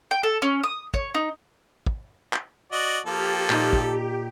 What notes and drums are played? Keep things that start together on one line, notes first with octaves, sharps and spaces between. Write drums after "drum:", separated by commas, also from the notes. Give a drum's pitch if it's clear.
G5
A4
C#4
D#6
C#5, drum: kick
D#4
drum: kick
drum: clap
F#4 D5 D#5
F3 A#3 G4 A4
A#2 D#4, drum: clap
drum: kick